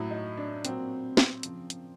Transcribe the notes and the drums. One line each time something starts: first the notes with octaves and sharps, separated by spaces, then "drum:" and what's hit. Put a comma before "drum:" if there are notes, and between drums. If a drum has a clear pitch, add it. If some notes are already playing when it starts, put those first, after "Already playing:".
Already playing: A2 F#3 E4
D#4
D4
A#2 F#3 C4, drum: hi-hat
drum: snare
C#3 F3, drum: hi-hat
drum: hi-hat